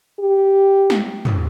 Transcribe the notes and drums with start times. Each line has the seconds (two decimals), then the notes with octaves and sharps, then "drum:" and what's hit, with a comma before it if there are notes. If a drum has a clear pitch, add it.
0.19 G4
0.90 drum: snare
1.25 drum: tom